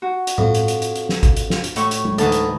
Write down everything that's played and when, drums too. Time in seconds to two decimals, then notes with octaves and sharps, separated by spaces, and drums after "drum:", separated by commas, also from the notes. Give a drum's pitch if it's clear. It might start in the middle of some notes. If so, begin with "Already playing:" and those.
0.02 F#4
0.27 drum: hi-hat
0.38 F2, drum: tom A2
0.55 drum: hi-hat
0.68 drum: hi-hat
0.82 drum: hi-hat
0.96 drum: hi-hat
1.09 drum: snare
1.23 drum: kick G#1, hi-hat
1.37 drum: hi-hat
1.50 drum: snare
1.64 drum: hi-hat
1.76 A2 C#6, drum: hi-hat
1.91 drum: hi-hat
2.05 drum: tom G#3
2.19 D2 E3 D#4 A5, drum: hi-hat
2.32 drum: hi-hat